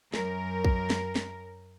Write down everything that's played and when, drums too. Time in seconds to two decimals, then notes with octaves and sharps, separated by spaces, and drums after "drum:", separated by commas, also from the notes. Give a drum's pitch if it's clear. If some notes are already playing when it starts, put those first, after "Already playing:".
0.14 F#2 A#4, drum: snare
0.65 drum: kick A#1
0.90 drum: snare
1.15 drum: snare